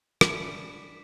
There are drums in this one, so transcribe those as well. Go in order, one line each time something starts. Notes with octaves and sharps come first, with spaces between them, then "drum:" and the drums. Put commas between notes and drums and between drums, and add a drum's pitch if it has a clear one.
G#3 D4 E4 D6 B6, drum: rim click